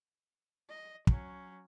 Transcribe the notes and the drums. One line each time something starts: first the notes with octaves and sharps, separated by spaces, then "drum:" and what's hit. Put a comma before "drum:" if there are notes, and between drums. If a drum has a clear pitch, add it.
D#5
F#3 C#4, drum: kick